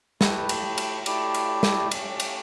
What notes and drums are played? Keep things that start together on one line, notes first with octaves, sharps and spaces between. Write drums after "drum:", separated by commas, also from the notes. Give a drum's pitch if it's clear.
A3 E4 G4 B4, drum: snare
drum: cymbal
drum: cymbal
A3 E4 G4 D5, drum: cymbal
drum: cymbal
drum: snare
A3 C#4 G4, drum: cymbal
drum: cymbal